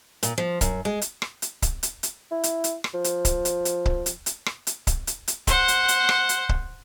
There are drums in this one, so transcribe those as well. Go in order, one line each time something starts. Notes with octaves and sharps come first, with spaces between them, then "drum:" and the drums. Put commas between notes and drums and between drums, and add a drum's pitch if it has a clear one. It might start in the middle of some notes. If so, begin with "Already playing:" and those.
A#2, drum: hi-hat
F3
F#2, drum: kick C#1, hi-hat
G#3
drum: hi-hat
drum: rim click
drum: hi-hat
drum: kick C#1, hi-hat
drum: hi-hat
drum: hi-hat
E4
drum: hi-hat
drum: hi-hat
drum: rim click
F3
drum: hi-hat
drum: kick C#1, hi-hat
drum: hi-hat
drum: hi-hat
drum: kick C#1
drum: hi-hat
drum: hi-hat
drum: rim click
drum: hi-hat
drum: kick C#1, hi-hat
drum: hi-hat
drum: hi-hat
C5 F#5, drum: kick C#1, hi-hat
drum: hi-hat
drum: hi-hat
drum: rim click
drum: hi-hat
drum: kick C#1